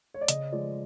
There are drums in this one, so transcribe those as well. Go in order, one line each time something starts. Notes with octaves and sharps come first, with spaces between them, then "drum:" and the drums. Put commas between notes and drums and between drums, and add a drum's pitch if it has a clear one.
C#5
D5
C#3 D#5, drum: hi-hat
F3 G#3 D5